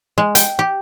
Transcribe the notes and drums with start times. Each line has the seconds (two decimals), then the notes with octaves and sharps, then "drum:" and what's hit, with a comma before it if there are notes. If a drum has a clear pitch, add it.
0.18 G#3
0.35 G5, drum: hi-hat
0.59 G4